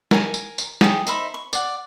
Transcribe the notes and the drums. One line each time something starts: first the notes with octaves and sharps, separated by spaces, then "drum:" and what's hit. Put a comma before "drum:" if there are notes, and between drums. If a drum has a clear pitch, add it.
A#4 G#5, drum: snare
drum: tambourine
drum: tambourine
G#4 G5, drum: snare
D#4 C5 E5 B5, drum: tambourine
C#6
D5 F#5, drum: tambourine